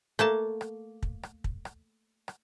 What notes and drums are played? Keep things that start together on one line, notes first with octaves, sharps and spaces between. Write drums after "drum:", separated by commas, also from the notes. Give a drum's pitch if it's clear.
A3 A#3 A5
drum: rim click
drum: kick
drum: rim click
drum: kick
drum: rim click
drum: rim click